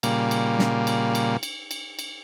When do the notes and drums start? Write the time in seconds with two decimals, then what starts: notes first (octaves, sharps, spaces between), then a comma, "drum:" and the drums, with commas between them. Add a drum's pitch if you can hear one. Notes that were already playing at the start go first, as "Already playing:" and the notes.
0.03 A#2 C#3 G3 A#3, drum: cymbal
0.31 drum: cymbal
0.59 drum: snare
0.87 drum: cymbal
1.15 drum: cymbal
1.43 drum: cymbal
1.71 drum: cymbal
1.99 drum: cymbal